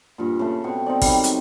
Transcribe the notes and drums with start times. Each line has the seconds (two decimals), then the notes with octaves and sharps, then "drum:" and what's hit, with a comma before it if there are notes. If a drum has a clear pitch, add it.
0.18 G2 A#2
0.39 C#3 A3
0.64 B2 C4 C#6
0.86 C4 D#4 D5
1.02 D#3 F#3 G3, drum: kick, open hi-hat
1.24 drum: hi-hat